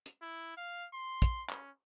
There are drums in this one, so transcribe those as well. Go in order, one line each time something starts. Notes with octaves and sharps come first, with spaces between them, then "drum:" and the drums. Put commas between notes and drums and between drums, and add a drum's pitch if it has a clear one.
drum: hi-hat
E4
F5
C6
drum: kick, hi-hat
C#4, drum: clap